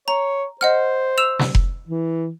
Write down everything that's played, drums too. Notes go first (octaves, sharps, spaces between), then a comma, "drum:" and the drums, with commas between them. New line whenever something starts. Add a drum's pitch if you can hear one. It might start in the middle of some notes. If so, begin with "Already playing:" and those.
C#5 A#5
C5 D#5 F#5 F6
E6 E7 F7
drum: snare
drum: kick F1
E3